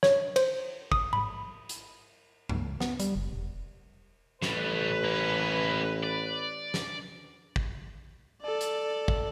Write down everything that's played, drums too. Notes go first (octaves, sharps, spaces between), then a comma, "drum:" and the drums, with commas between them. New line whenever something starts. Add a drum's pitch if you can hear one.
C#5, drum: snare
C5, drum: cymbal
D#6, drum: kick
B5, drum: tom G#2
drum: hi-hat
C#2, drum: tom G2
B3, drum: snare
G3, drum: hi-hat
F#1
E1
A1 A2 G3 B4, drum: snare
A#3 C#4
D5
drum: snare
drum: kick
A4 D5
drum: hi-hat
drum: kick